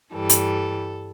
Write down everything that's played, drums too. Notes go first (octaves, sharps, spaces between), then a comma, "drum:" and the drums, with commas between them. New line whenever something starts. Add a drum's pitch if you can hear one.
G2 E3 G3 A4
drum: hi-hat